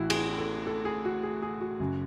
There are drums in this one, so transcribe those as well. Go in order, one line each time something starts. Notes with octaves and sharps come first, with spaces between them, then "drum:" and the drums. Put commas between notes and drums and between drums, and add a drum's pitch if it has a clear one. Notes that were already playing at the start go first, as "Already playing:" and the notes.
Already playing: A1 A2 E3 E4 F#4
G#4, drum: cymbal
A4
A4
G#4
F#4
G#4
G#4
F#4
F#1 F#2 C#3